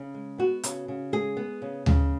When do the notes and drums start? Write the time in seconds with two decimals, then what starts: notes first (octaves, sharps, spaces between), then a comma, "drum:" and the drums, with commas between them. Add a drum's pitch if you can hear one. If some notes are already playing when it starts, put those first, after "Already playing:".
Already playing: C#3 G#4
0.14 G#3
0.38 B3 F#4
0.63 C#3, drum: hi-hat
0.88 C#3
1.12 G#3 G#4
1.37 B3
1.62 C#3
1.86 C#3, drum: tom D2